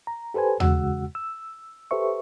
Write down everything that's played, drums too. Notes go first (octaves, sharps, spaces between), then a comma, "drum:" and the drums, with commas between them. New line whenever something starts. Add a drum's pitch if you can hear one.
A#5
G4 A4 B4 C5 G#5
E2 C#3 G#3 F#4 F#5 E6, drum: tom D#2
E6
G4 A4 B4 C5 E5 C#6